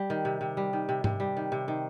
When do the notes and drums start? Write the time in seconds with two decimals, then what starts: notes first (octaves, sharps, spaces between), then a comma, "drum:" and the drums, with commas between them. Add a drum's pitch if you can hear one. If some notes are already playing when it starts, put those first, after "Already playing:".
Already playing: G3
0.10 D#3
0.25 C3
0.41 C3
0.57 G3
0.73 D#3
0.89 C3
1.04 C3, drum: tom G#2
1.20 G3
1.37 D#3
1.52 C3
1.68 D#3